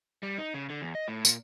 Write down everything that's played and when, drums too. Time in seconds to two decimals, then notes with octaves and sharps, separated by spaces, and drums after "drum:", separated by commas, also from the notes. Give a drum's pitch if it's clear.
0.23 G3
0.38 D#4
0.54 C#3
0.70 D3
0.82 E2
0.95 D#5
1.08 A2
1.25 A#2, drum: tambourine